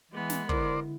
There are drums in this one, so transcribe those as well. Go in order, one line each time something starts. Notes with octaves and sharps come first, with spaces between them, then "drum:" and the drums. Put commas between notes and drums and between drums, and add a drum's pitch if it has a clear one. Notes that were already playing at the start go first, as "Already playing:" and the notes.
E3 G#3 B3
drum: snare
D3 E4 A#4 C5 D5, drum: kick